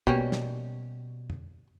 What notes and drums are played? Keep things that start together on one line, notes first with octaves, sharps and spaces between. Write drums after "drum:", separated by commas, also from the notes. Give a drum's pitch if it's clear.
B2 G3 A#3 C#4, drum: kick
drum: snare
drum: tom